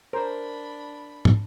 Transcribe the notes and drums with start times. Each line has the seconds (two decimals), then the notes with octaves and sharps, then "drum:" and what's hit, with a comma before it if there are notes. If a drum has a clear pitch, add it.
0.13 D4 A#4 C5 B5
1.25 drum: tom